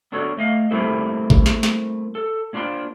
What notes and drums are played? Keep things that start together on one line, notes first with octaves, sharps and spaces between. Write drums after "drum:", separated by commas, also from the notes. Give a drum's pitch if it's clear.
B3 D4 F#4 A4 C#5
A3 D#5 F5
G3 A3 A#3 C4 E4 A4
drum: kick G#1
drum: snare
drum: snare
A4
A#3 D4 F4 C5 G5